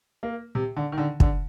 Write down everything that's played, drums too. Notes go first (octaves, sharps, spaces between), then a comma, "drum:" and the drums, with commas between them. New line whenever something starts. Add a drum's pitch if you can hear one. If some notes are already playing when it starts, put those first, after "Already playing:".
A#3
C3
D3
D#3
D3
D3, drum: kick